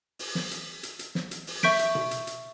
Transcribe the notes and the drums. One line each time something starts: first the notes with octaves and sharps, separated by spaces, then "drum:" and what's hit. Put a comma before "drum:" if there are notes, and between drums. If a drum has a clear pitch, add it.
drum: open hi-hat
drum: snare
drum: hi-hat
drum: hi-hat
drum: hi-hat
drum: snare
drum: hi-hat
drum: open hi-hat
E5 C#6 G6 B6 D7, drum: snare
drum: hi-hat
drum: tom B2
drum: hi-hat
drum: hi-hat